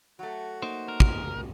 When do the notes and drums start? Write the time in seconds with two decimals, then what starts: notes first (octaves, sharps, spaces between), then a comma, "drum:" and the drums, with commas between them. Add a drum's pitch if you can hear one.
0.19 F#3 A3 F#4
0.62 A#3 D#4 C5
0.89 A#4
1.00 drum: kick